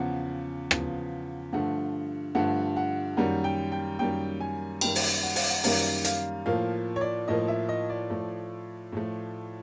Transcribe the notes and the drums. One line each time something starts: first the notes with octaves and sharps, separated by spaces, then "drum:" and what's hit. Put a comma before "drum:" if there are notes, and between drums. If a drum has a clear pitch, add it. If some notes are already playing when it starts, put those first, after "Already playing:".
Already playing: E2 C#3 F3 F#5
E2 C#3 F3, drum: rim click
G2 D3 F3 A3 F#5
G2 D3 F3 A3 F#5
F#5
F#2 D#3 G3 A#3 F#5
G5
G5
F#2 D#3 G3 A#3 G5
G#5
F#2 D#3 G3 A#3 G5, drum: cymbal
drum: open hi-hat
F#5
F5, drum: open hi-hat
F#5
F#2 D#3 G3 A#3 F5, drum: open hi-hat
F5, drum: hi-hat
A2 F3 A#3 F5
C#5
D5
A2 F3 A#3 D#5
E5
D#5
D5
A2 F3 A3
A2 F3 A3